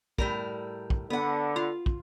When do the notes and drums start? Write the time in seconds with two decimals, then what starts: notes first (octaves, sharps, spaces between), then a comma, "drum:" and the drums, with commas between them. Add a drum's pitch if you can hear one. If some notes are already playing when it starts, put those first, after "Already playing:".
0.18 A2 G3 A#4, drum: kick
0.90 drum: kick
1.10 D3 B3 F#5
1.56 F4
1.86 drum: kick